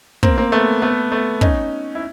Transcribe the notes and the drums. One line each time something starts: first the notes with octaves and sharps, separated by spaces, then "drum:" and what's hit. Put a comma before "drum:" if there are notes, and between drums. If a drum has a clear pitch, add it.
A#3 C4, drum: kick
A#3 C4
A3 B3
A3 B3
A3 B3
C#4 D#4, drum: kick
E4